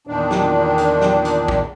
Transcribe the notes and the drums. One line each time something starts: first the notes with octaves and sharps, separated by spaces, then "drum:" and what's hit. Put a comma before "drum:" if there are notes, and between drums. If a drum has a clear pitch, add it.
E2 A#2 D#3 D4
drum: snare
drum: hi-hat
drum: snare
drum: hi-hat
drum: kick